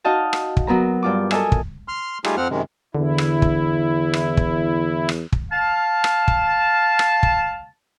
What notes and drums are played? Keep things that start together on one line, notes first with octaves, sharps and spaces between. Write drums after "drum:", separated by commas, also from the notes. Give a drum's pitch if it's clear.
D#4 F#4 D#5 F5 A5
drum: rim click
drum: kick
F#3 B3 A#4 A#5
G2 F4 D6
A4 A#4 D#5 E5 G#5, drum: rim click
drum: kick
C6 F6
G3 A3 D#4 F4 G4 G#4, drum: rim click
F2 F3 C4 F#5 F6
F#2 C3 D#3 G#3
E2 D3 E4
drum: rim click
drum: kick
drum: rim click
drum: kick
drum: rim click
drum: kick
F5 A5
drum: rim click
drum: kick
drum: rim click
drum: kick